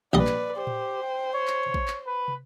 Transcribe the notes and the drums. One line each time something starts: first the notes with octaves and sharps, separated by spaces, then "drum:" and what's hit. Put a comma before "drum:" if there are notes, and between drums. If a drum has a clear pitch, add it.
A#1 G3 B4 D5 D#5, drum: kick
drum: clap
G4 C5
drum: tom A2
G5
C#5
drum: clap
drum: kick
drum: clap
B4
drum: tom